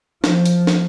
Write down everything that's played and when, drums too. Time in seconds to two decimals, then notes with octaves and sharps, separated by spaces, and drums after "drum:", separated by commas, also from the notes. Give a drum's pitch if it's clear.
0.24 F3, drum: snare
0.46 drum: hi-hat
0.67 drum: snare